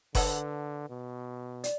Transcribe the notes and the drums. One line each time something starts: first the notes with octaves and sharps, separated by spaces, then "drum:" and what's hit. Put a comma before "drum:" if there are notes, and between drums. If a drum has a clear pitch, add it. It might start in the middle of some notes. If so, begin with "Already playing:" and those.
D3 B4 F#5 A5 E6, drum: kick F#1, open hi-hat
B2
D5, drum: hi-hat